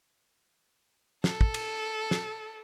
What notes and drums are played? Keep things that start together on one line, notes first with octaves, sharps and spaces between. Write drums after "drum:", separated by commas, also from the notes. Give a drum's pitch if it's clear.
A4, drum: snare
drum: kick
drum: cymbal
drum: snare